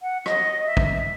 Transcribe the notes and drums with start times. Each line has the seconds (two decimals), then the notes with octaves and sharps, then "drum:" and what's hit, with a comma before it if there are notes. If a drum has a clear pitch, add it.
0.02 F#5
0.26 D#5, drum: rim click
0.66 E5
0.77 drum: kick